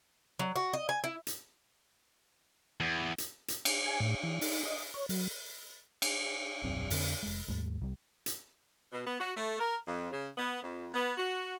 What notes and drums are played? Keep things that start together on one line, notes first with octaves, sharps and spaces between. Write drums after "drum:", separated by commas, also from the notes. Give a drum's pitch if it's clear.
F#3
F#4
D#5
G#5
E4
drum: hi-hat
E2
drum: hi-hat
drum: hi-hat
drum: cymbal
G#5
A2
E3
D#4, drum: open hi-hat
D#5
C#5
F#3, drum: open hi-hat
drum: cymbal
D#1 B1 F#2 C4
F2 D3 C4, drum: open hi-hat
F1 G#3
D#2 G#2 G3 A3
C2 G3
drum: hi-hat
B2
B3
F#4
A3
A#4
F2
C#3
B3
F2
B3
F#4